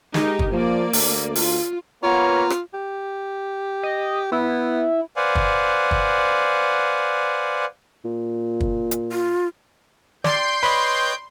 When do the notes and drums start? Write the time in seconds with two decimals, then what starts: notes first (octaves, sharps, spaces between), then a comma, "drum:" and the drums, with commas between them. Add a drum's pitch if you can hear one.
0.14 G#3 D#4 G4 A#4, drum: snare
0.39 drum: kick
0.52 F3 A#3 D5
0.93 D2, drum: open hi-hat
1.35 F4, drum: open hi-hat
2.03 A#3 B3 F4 C#5 A#5
2.50 drum: rim click
2.74 G4
3.83 D#5
4.32 B3 E4
5.16 B4 C5 D5 F5 F#5 G#5
5.35 drum: kick
5.91 drum: kick
8.04 A#2
8.60 drum: kick
8.91 drum: hi-hat
9.12 F4
10.24 D5 G5 C6 G6, drum: snare
10.63 B4 C#5 D#5 B5